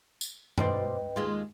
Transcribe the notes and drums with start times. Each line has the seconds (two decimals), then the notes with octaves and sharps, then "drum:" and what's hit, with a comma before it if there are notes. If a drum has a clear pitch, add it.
0.21 drum: tambourine
0.58 B2 B4 C5 D5 D#5 G5, drum: tom
1.16 D#2 G#3 F4